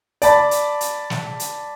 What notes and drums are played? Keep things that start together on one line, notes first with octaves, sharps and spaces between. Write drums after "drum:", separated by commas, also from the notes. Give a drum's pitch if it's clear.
D5 A5 B5, drum: hi-hat
drum: hi-hat
drum: hi-hat
drum: snare
drum: hi-hat